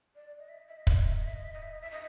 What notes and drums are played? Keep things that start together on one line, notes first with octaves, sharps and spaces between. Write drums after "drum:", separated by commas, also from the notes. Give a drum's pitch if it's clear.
D5
D#5
E5
D#5
E5
D#5
E5, drum: kick
D#5
E5
D#5
E5
D#5
E5
D#5
E5
D#5
E5
D#5